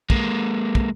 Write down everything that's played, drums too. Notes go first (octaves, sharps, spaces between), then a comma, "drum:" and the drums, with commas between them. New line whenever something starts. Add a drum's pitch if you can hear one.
G#3 A#3, drum: kick
drum: kick